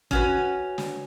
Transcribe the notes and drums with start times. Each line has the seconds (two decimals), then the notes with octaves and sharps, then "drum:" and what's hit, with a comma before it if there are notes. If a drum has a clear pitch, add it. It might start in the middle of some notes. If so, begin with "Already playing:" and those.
0.11 C#4 F#4 B4, drum: kick
0.78 drum: snare